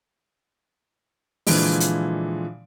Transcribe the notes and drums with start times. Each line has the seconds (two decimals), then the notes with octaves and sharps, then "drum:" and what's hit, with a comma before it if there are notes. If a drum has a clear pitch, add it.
1.47 A#2 D3 E3 F3 G#3, drum: open hi-hat
1.80 drum: hi-hat